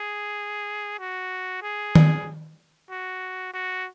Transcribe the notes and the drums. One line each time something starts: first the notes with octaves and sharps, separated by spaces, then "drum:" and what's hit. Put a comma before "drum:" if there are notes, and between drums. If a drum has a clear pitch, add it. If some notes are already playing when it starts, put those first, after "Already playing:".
Already playing: G#4
F#4
G#4
drum: tom D#3
F#4
F#4